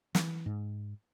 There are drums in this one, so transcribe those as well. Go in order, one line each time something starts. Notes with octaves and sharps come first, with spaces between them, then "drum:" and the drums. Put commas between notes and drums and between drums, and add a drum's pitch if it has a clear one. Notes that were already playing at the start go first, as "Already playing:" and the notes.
E3, drum: snare
G#2